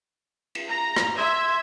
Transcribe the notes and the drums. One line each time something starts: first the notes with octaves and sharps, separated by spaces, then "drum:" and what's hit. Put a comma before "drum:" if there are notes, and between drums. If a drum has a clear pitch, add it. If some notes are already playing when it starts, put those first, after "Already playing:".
drum: cymbal
A#5
drum: rim click
E5 C6 G#6